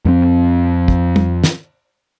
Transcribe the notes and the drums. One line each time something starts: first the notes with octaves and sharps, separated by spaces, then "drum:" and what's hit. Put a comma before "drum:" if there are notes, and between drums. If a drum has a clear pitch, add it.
F2 A#3 C4
drum: kick
drum: tom
drum: snare